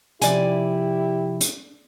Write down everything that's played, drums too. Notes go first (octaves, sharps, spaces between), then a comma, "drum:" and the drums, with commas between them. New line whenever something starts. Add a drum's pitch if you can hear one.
C3 F3 E4 G4 D5 G#5, drum: hi-hat
drum: hi-hat